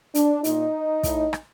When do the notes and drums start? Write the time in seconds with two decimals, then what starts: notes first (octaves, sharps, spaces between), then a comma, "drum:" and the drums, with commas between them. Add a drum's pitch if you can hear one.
0.15 D4, drum: hi-hat
0.44 A#2 D#4, drum: hi-hat
1.03 A2, drum: kick, hi-hat
1.33 drum: rim click